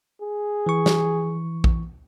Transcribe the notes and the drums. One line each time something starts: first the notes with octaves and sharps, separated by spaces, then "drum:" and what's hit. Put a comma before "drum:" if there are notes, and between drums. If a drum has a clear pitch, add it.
G#4
E3 C#6
drum: snare
drum: kick A#1